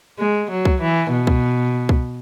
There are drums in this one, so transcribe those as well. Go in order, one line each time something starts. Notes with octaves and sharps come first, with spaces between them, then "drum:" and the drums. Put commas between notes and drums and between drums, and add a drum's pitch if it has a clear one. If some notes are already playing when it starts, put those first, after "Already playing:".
G#3
F#3
drum: kick C2
E3
B2
drum: kick C2
drum: kick C2